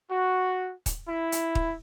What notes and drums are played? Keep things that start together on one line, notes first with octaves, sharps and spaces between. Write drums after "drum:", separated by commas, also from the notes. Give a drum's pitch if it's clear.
F#4
drum: kick, hi-hat
E4
drum: hi-hat
drum: kick